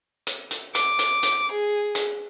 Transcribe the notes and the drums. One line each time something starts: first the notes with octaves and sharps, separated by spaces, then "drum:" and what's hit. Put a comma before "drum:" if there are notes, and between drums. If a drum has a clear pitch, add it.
drum: hi-hat
drum: hi-hat
D6, drum: hi-hat
drum: hi-hat
drum: hi-hat
G#4
drum: hi-hat